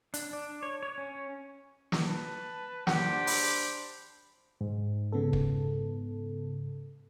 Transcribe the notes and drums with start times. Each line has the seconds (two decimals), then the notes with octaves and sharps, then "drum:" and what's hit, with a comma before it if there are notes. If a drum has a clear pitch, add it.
0.14 D4, drum: hi-hat
0.33 D4
0.63 C#5
0.83 C#5
0.98 C#4
1.92 drum: snare
2.07 B4 A5
2.87 D4 G4 C5 F#5, drum: snare
3.27 B5, drum: open hi-hat
4.61 G#2
5.12 C#3 B3 A4
5.33 drum: kick